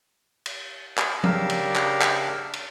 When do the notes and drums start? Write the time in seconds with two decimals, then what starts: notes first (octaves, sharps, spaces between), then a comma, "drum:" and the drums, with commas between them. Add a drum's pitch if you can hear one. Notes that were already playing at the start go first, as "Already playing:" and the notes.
0.46 drum: cymbal
0.98 drum: clap
1.24 C#3 D4 G4 A#4 F5 E6, drum: tom
1.50 drum: cymbal
1.76 drum: clap
2.01 drum: clap
2.53 drum: cymbal